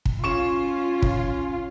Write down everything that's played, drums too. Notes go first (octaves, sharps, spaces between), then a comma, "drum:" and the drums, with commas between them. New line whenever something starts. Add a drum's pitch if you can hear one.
drum: kick
C#4 F4 C#6 E7
drum: kick